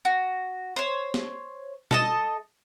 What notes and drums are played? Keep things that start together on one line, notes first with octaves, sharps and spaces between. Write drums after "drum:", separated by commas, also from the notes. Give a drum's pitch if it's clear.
F#4
C5 C#5
drum: snare
A4 D#5 A5, drum: tom B2